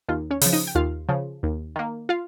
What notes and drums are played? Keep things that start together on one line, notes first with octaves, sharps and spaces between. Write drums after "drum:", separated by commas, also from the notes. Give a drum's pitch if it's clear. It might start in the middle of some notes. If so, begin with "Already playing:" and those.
D#2 F4
C#4 C#5
C#3 F3, drum: open hi-hat
D#4 D#5
G5
D#2 F4 F5
C#3 F3
D#2
D#3 A#3
F4 F5